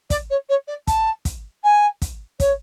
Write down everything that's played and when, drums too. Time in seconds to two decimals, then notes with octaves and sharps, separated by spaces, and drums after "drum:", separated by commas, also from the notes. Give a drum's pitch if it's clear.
0.10 D5, drum: kick, hi-hat
0.30 C#5
0.49 C#5
0.68 D5
0.87 A5, drum: kick, hi-hat
1.25 drum: kick, hi-hat
1.64 G#5
2.02 drum: kick, hi-hat
2.40 C#5, drum: kick, hi-hat